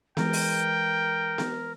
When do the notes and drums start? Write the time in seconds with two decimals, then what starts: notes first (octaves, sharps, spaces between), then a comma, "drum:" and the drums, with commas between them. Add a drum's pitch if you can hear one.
0.17 E3 G#3 A#4 G5, drum: snare B3
0.33 drum: open hi-hat
1.38 drum: snare B3